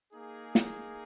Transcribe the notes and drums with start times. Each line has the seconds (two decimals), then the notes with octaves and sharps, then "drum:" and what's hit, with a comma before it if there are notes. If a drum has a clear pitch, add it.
0.13 A#3 D#4 G#4
0.55 drum: snare